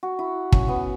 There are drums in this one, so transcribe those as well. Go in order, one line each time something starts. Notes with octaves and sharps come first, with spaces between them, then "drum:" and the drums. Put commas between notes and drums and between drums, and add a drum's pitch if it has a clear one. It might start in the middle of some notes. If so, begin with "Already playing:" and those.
F#4
E4
C#4, drum: kick
B3